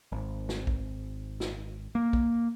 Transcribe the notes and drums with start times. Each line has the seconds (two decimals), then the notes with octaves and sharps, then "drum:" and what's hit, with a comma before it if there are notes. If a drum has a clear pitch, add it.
0.12 G#1
0.49 drum: snare
0.67 drum: kick
1.40 drum: snare
1.95 A#3
2.13 drum: kick